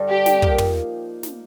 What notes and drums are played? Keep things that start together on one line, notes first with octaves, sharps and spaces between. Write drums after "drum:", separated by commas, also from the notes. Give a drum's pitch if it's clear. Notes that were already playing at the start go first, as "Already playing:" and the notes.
Already playing: G2 D3 G3 D4
G4
drum: snare
F3 A#3 D#4, drum: kick
drum: tom
drum: snare